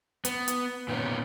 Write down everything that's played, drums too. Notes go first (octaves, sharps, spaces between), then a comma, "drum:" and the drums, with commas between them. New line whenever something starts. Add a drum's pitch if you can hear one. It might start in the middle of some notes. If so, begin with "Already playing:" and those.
B3, drum: hi-hat
drum: hi-hat
A#2 D#3 B3 C#4